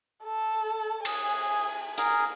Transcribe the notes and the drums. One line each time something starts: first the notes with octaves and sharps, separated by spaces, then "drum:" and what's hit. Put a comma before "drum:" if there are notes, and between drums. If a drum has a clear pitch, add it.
A4
G#4 G#5, drum: cymbal
G#4 A#4, drum: hi-hat